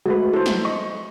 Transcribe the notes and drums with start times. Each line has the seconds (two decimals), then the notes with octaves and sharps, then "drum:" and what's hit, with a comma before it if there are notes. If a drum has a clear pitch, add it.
0.06 G#3 A3 F#4 B4
0.34 E4 A4 C5
0.46 drum: snare
0.65 D#5 C#6